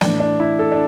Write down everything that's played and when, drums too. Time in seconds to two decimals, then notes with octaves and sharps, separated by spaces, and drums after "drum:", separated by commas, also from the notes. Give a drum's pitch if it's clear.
0.01 A2 E3 A3 D4, drum: snare
0.20 D4
0.40 E4
0.59 A4
0.72 D4